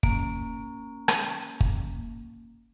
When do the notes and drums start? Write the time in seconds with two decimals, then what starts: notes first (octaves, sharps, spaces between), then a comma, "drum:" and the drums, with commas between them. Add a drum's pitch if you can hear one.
0.03 A#3 C#4, drum: kick G1
1.08 drum: rim click
1.61 drum: kick G1